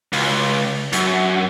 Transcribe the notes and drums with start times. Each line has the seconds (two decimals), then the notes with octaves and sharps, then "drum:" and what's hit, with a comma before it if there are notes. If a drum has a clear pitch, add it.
0.13 C#2, drum: open hi-hat
0.93 F#2, drum: hi-hat